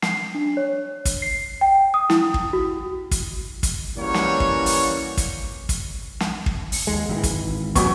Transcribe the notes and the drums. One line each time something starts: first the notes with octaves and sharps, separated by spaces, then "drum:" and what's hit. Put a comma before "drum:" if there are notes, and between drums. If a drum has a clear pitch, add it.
C7, drum: snare
D4
C#5
drum: kick, hi-hat
C7
G5
D#6
E4, drum: snare
drum: kick
F#4
drum: kick, hi-hat
drum: kick, hi-hat
E3 G3 A#3 C#4 F#4 C#5
drum: snare
drum: kick
drum: open hi-hat
drum: kick, hi-hat
drum: kick, hi-hat
drum: snare
drum: kick
drum: open hi-hat
D#2 G#3
G#1 E3
drum: kick, hi-hat
E2 C#3 F#3 G3 B3 C#6, drum: kick, hi-hat